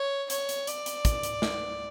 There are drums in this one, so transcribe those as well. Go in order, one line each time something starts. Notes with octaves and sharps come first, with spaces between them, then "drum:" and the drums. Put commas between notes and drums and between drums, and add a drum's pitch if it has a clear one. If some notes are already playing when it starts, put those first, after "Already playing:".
Already playing: C#5
C#5, drum: hi-hat
drum: hi-hat
D5, drum: hi-hat
drum: hi-hat
drum: kick, hi-hat
drum: hi-hat
drum: snare